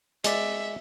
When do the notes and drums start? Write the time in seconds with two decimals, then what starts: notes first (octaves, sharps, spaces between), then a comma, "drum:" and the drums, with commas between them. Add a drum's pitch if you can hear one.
0.24 G#3 D5 E5, drum: hi-hat